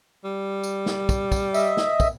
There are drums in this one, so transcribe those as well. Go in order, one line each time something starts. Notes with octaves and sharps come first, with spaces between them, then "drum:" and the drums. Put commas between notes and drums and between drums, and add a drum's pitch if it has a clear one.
G3
drum: tambourine
drum: snare
drum: kick, tambourine
drum: kick, tambourine
D#5 E5, drum: tambourine
drum: snare
drum: kick, tambourine